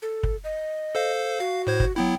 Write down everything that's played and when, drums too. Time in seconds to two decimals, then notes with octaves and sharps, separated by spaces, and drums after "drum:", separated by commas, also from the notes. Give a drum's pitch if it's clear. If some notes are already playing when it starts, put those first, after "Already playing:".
0.02 A4
0.23 drum: kick
0.44 D#5
0.95 A4 C5 F5
1.40 F#4 F5
1.67 A2 C5 G#6
1.80 drum: kick
1.96 F#3 B3 E4 G5